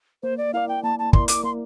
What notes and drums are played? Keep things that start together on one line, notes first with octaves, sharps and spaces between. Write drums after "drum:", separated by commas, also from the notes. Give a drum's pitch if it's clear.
A#3 C5
D5
E4 A#4 D5 F5
G5
A#3 A5
A5
E4 A#4 D5 C6, drum: kick
D6, drum: hi-hat
A#3 C6